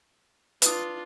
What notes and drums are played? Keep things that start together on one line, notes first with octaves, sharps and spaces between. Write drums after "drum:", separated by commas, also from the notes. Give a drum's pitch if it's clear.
D4 F4 B4 D#6, drum: hi-hat